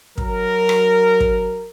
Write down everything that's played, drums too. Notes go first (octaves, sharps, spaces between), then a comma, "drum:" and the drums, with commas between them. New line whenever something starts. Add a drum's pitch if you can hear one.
F#3 A#4, drum: kick
drum: rim click
drum: kick